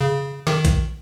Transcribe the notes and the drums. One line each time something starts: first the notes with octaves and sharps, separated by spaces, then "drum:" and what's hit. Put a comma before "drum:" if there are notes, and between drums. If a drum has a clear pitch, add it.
C#3
D#3, drum: snare
drum: kick A#1, hi-hat